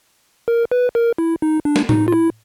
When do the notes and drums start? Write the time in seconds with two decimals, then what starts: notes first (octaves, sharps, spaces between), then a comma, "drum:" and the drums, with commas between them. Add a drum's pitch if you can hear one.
0.48 A#4
0.72 B4
0.95 A#4
1.18 E4
1.42 D#4
1.65 D4
1.76 drum: snare
1.89 D#4, drum: tom A2
2.08 F4
2.13 E4